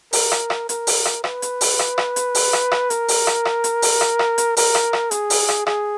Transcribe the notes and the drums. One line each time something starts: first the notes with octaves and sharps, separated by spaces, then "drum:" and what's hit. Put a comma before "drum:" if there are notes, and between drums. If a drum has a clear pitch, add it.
A#4, drum: open hi-hat
drum: rim click
drum: rim click
A#4, drum: hi-hat
drum: open hi-hat
drum: rim click
B4, drum: rim click
drum: hi-hat
drum: open hi-hat
drum: rim click
drum: rim click
drum: hi-hat
drum: open hi-hat
drum: rim click
drum: rim click
A#4, drum: hi-hat
drum: open hi-hat
drum: rim click
drum: rim click
drum: hi-hat
drum: open hi-hat
drum: rim click
drum: rim click
drum: hi-hat
A#4, drum: open hi-hat
drum: rim click
drum: rim click
G#4, drum: hi-hat
drum: open hi-hat
drum: rim click
G#4, drum: rim click